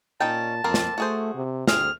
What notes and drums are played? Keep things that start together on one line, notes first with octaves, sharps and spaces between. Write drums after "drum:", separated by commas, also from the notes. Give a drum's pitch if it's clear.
A#2 C#4 D#4 G5 A5
F2 A#3 C4 A#4
drum: snare
A3 F#4 G#4 C5
C3
D2 C4 G#4 F6, drum: snare